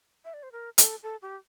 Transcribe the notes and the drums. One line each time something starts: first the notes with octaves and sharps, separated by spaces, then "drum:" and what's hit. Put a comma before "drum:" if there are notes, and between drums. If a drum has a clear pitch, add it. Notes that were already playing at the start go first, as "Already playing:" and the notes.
E5
D5
C5
A#4
A4, drum: hi-hat
A4
G4